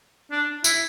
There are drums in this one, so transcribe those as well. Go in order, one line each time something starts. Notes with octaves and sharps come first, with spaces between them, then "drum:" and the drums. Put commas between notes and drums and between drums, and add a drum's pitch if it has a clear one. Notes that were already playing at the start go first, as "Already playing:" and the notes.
D4
E4, drum: tambourine